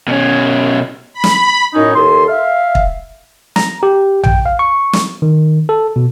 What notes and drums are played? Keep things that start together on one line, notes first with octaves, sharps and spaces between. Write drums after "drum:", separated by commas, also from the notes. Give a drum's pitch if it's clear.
B2 C#4
B5
drum: snare
F#2 A2 C#4 D#4
D#2 A4 C6
E5 F5
drum: kick
A#5, drum: snare
G4
G5, drum: tom A#1
F5
C#6
drum: snare
D#3
A4
B2